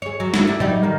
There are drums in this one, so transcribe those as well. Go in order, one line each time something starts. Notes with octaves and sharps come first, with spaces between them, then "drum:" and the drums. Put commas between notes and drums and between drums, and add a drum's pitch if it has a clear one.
G#4 C#5
F#3
D4 E4 F#4, drum: snare
D4 E4 G4
F#3 G3 D#4, drum: tom A2
D#3 A#3